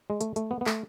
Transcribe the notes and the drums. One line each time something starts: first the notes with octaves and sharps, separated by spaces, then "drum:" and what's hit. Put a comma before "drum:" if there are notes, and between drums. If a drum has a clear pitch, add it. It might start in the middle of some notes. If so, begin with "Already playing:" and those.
G#3
A3, drum: hi-hat
A3, drum: hi-hat
B3
B3
A3, drum: clap